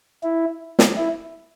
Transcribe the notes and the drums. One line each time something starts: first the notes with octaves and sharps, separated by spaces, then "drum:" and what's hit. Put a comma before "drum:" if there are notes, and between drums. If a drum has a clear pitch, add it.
E4
drum: snare
E4